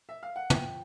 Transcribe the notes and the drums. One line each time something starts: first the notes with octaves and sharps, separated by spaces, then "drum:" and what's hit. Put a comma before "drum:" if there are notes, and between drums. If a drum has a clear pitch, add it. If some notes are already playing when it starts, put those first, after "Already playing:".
E5
F5
F#5
F3 G5, drum: tom